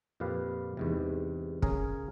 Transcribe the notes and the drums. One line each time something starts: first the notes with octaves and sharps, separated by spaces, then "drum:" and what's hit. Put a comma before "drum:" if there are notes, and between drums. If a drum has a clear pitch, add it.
F2 A#2 G4 B4 F5
E2 G#2 C3
C#3 C#4 G#4 A#4, drum: kick